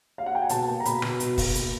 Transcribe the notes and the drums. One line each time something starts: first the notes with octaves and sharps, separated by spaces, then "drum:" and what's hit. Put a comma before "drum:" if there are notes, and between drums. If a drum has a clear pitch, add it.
F5
F#5
G5
G#5
B2 A5, drum: hi-hat
A#3
A#5
B2 B5, drum: hi-hat
B2, drum: rim click
B2, drum: hi-hat
B2, drum: kick, open hi-hat
A#3, drum: hi-hat